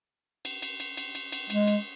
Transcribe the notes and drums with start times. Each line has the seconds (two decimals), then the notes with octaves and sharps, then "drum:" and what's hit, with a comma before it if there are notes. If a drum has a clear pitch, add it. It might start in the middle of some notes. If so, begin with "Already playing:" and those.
0.45 drum: cymbal
0.62 drum: cymbal
0.80 drum: cymbal
0.97 drum: cymbal
1.15 drum: cymbal
1.32 drum: cymbal
1.50 G#3, drum: cymbal
1.67 drum: cymbal